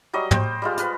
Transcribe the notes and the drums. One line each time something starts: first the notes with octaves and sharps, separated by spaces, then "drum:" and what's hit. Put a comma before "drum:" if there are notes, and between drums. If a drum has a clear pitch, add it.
F#3 G3 D#5
C5 G5, drum: tom
G3 G#3 F4
F4 B4, drum: hi-hat